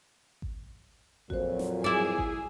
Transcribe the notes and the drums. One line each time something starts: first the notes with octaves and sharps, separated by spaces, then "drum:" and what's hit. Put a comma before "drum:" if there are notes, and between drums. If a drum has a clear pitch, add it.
drum: kick G#1
F2 A#2 F#3 F#4 C5, drum: kick G#1
drum: snare
E4 G#4 D5
drum: kick G#1